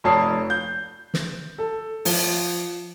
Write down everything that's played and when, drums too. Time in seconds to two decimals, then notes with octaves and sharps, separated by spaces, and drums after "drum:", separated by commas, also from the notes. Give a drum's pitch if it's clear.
0.04 F1 F2 C#5 A5 D#6 C7
0.50 G6
1.14 drum: snare
1.58 A4
2.05 F3 G7, drum: open hi-hat